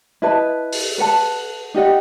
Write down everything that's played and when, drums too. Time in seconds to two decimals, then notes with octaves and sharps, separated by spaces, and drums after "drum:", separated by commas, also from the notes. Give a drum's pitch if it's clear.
0.22 E4 B4 D#5 A5
0.72 drum: open hi-hat
0.98 B4 F#5 A5
1.74 D#4 G4 D#5 F#5